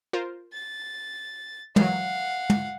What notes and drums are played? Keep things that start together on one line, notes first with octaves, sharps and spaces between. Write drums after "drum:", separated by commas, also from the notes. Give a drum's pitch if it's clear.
F4 A#4 C5
A6
D#3 E3 F#3 F5 F#5, drum: tom
drum: tom